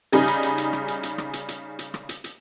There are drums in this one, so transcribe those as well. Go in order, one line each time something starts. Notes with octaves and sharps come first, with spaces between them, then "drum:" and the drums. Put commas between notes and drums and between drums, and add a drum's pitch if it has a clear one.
C#3 G3 D#4 G#4, drum: hi-hat
drum: hi-hat
drum: hi-hat
drum: hi-hat
drum: rim click
drum: hi-hat
drum: hi-hat
drum: rim click
drum: hi-hat
drum: hi-hat
drum: hi-hat
drum: rim click
drum: hi-hat
drum: hi-hat